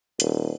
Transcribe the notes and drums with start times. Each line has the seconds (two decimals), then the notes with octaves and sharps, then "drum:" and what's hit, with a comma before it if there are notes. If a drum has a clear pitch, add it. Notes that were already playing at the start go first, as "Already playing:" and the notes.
0.20 D#1, drum: hi-hat